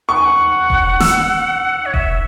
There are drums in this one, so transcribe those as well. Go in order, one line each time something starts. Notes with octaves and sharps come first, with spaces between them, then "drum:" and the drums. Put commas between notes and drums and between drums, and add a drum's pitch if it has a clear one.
F#5 C#6
G#5
F#5
drum: kick E1
E6, drum: snare
C#5
E5, drum: kick E1